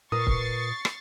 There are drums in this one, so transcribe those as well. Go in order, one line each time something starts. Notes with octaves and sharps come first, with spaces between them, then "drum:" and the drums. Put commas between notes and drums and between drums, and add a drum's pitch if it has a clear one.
A#2 A#4 B4 C#6 D#6 A6 C7
drum: kick C#1
drum: rim click